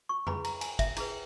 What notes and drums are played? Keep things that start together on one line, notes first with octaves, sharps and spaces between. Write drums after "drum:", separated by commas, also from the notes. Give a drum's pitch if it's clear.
C#6
E4 G#4 B4 B5, drum: tom F2
A#5, drum: cymbal
G#5, drum: cymbal
E5, drum: kick, cymbal
E4 G#4 B4, drum: cymbal